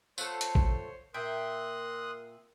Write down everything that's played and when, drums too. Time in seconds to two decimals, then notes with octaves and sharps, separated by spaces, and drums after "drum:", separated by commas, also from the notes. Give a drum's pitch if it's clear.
0.18 A3 F4 A4 C5 C#5 F#5 E6, drum: tambourine
0.41 drum: hi-hat
0.55 drum: kick A1
1.14 A#2 A#4 E5 G5 C6 D#6 F#6